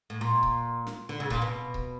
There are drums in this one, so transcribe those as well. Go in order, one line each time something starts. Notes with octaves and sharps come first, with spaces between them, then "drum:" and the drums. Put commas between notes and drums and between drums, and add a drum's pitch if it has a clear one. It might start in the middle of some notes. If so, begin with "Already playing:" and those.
A2
A#2
drum: kick C#1
drum: snare
D3
C#3
A#2, drum: kick C#1
B2
drum: kick C#1